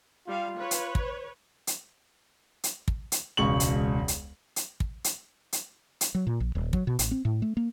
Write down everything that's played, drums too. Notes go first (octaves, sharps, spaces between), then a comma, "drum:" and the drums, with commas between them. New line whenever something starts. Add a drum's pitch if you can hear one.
G3 F4 F5
B4 C#5
drum: hi-hat
drum: kick
drum: hi-hat
drum: hi-hat
drum: kick
drum: hi-hat
E1 C#2 C#6 F#7
drum: hi-hat
drum: hi-hat
drum: hi-hat
drum: kick
drum: hi-hat
drum: hi-hat
drum: hi-hat
F#3
A#2
A#1
D#1
F#3, drum: kick
B2
A1, drum: hi-hat
C4
A2
A3
A#3